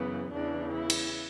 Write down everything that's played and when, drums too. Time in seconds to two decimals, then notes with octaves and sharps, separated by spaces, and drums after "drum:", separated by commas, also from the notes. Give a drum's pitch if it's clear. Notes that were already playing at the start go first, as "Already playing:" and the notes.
Already playing: F#2 C#3 E3 B3
0.31 E2 C#3 E3 D4
0.72 E4
0.90 drum: cymbal